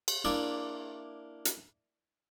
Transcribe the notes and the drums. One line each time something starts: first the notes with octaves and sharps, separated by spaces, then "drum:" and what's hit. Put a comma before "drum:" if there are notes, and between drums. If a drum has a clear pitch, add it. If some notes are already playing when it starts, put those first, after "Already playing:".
drum: cymbal
A#3 D4 E4 D5 E5
drum: hi-hat